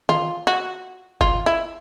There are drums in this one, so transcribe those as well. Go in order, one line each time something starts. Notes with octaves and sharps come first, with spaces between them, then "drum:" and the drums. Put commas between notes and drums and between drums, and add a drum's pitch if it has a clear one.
F4, drum: tom D#3
F#4
F4, drum: kick
E4